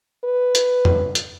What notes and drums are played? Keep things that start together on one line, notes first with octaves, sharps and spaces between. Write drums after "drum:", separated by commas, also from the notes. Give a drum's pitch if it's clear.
B4
drum: hi-hat
drum: tom F2
drum: hi-hat